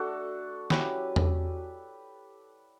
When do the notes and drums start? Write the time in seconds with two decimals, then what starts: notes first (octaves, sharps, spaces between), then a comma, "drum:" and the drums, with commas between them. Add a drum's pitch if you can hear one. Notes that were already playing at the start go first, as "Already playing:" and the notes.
Already playing: A3 D4 F#4 A4
0.70 F#3 C#4 E4 G4 B4, drum: snare
1.16 drum: tom E2